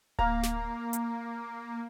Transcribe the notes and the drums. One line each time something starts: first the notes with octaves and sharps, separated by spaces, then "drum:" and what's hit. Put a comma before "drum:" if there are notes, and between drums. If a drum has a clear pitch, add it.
A#3 F5 A#5, drum: kick D1
drum: snare
drum: hi-hat